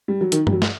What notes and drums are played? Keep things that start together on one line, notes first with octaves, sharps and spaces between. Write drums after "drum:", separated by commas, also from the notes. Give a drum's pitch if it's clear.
G3
F#3
D#3, drum: hi-hat
G3, drum: tom G2
F#3
drum: snare